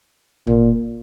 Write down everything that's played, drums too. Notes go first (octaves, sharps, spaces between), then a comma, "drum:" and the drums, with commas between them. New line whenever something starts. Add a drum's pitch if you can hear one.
A#2, drum: tom